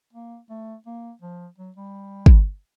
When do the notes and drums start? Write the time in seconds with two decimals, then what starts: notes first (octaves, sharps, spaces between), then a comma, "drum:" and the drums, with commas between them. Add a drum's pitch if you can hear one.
0.13 A#3
0.50 A3
0.87 A#3
1.22 F3
1.59 F#3
1.77 G3
2.26 drum: kick